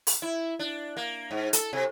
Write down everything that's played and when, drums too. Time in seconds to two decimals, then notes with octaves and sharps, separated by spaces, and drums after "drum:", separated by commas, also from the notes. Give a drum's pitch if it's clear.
0.07 drum: open hi-hat
0.22 E4
0.59 D4
0.97 A#3
1.31 G#2
1.53 A4, drum: hi-hat
1.73 C3